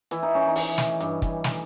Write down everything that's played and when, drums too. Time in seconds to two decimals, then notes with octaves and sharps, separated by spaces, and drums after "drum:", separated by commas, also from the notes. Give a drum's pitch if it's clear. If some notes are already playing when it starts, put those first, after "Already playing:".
0.11 E3 E4, drum: hi-hat
0.23 D#4
0.35 C#4
0.47 D#4
0.55 E3, drum: open hi-hat
0.78 drum: snare
1.00 G2, drum: hi-hat
1.22 drum: kick, hi-hat
1.44 drum: snare